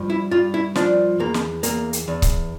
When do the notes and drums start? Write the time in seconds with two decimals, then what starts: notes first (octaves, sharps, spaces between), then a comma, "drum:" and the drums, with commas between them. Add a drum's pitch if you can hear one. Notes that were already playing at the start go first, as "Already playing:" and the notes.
Already playing: G2 F3
0.10 E4
0.31 G2 F4
0.54 E4
0.75 F3 D4, drum: snare
1.20 E2 A#3
1.34 drum: snare
1.63 E2 A#3, drum: hi-hat
1.93 drum: hi-hat
2.08 E2
2.22 drum: kick C#1, hi-hat